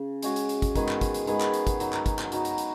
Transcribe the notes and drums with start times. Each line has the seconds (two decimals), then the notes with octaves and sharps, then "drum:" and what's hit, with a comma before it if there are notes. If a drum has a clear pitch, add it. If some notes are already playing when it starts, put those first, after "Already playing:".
Already playing: C#3
0.22 G#3 C#4 F#4, drum: hi-hat
0.36 drum: hi-hat
0.49 drum: hi-hat
0.62 drum: kick, hi-hat
0.75 D#3 G#3 B3 G#4, drum: kick, hi-hat
0.88 drum: clap
1.01 drum: kick, hi-hat
1.14 drum: hi-hat
1.27 D#3 G#3 B3 G#4, drum: hi-hat
1.41 drum: clap
1.54 drum: hi-hat
1.67 drum: kick, hi-hat
1.80 F#3 D#4 F#4, drum: hi-hat
1.93 drum: clap
2.06 drum: kick, hi-hat
2.19 drum: clap
2.32 F#3 D#4 F#4, drum: hi-hat
2.45 drum: hi-hat
2.58 drum: hi-hat